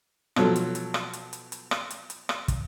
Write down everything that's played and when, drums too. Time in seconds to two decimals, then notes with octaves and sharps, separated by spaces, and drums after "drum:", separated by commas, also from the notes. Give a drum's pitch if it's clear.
0.36 B2 F3 F#3 A4, drum: rim click
0.56 drum: hi-hat
0.75 drum: hi-hat
0.94 drum: rim click
1.13 drum: hi-hat
1.33 drum: hi-hat
1.52 drum: hi-hat
1.71 drum: rim click
1.90 drum: hi-hat
2.10 drum: hi-hat
2.29 drum: rim click
2.48 drum: kick, hi-hat